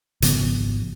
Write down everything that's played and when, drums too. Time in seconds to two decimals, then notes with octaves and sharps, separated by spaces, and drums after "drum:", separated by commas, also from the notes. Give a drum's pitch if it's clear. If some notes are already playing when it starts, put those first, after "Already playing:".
0.22 G#1 C#3 F3 B3, drum: hi-hat